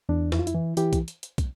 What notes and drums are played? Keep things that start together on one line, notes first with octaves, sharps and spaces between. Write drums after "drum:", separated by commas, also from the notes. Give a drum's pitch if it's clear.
E2 D4
F2 E4, drum: snare
F4
E4, drum: hi-hat
E3
E3 E4 G4, drum: hi-hat
drum: kick, hi-hat
drum: hi-hat
drum: hi-hat
drum: kick, hi-hat